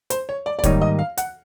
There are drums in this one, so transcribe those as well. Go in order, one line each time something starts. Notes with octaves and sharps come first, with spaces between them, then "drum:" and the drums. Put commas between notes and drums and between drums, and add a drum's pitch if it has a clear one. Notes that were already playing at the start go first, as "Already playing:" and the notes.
C5, drum: hi-hat
C#5
D5
D5
G#2 D#3 G3 A#3 D#4 C#5, drum: kick, hi-hat
D#5
F5
F#5, drum: hi-hat